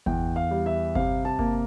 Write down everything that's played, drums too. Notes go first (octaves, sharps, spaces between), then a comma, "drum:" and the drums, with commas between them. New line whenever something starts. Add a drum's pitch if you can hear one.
E2 G5, drum: kick G1
F5
G3
E5
C3 F5, drum: kick G1
A5
A#3, drum: kick G1